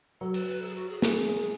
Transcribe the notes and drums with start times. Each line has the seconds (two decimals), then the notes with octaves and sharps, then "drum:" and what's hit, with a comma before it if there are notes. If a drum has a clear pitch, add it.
0.21 F#3 A4
0.34 B4, drum: cymbal
0.48 B4
0.62 A4
0.69 G#4
0.75 F#4
0.89 G#4
1.02 G#3, drum: snare